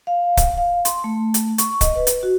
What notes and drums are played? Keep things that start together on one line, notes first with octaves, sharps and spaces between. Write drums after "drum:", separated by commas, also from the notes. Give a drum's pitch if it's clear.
F5
drum: kick C#1, hi-hat
F5
C6, drum: hi-hat
A3
drum: hi-hat
C#6, drum: hi-hat
D#5, drum: kick C#1, hi-hat
B4
drum: hi-hat
F#4